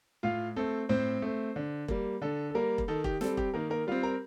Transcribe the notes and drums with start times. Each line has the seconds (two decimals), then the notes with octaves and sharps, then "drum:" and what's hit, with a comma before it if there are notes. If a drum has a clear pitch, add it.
0.23 A2 F4 F5
0.56 A3 C4 A4
0.89 A2 C4 C5
1.22 A3 C4
1.56 D3
1.88 G3 A#3, drum: kick E1
2.22 D3 A4
2.50 A4
2.55 G3 A#3 A#4
2.78 drum: kick E1
2.88 D#3 A4
3.04 G4, drum: kick E1
3.21 G3 C4 A4, drum: snare
3.37 G4, drum: kick E1
3.54 D#3 A#3 A#4
3.70 A#3 A#4
3.87 G3 C4 F4 F5
4.03 A#4 A#5